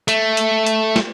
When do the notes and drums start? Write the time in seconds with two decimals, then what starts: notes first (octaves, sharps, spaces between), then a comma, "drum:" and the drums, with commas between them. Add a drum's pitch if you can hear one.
0.08 A3, drum: hi-hat
0.37 drum: hi-hat
0.67 drum: hi-hat
0.96 drum: snare